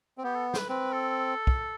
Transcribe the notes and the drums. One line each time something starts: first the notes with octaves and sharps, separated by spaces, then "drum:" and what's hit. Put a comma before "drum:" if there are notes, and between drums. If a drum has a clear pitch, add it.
C4
B3 G4
A4
C5, drum: snare
B4
C4 B4
A4
drum: kick